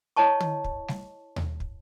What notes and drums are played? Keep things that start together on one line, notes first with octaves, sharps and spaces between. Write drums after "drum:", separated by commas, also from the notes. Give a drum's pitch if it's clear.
E4 C#5 D#5 A5 C#6
drum: tom
drum: kick
drum: snare G3
drum: tom D#2
drum: kick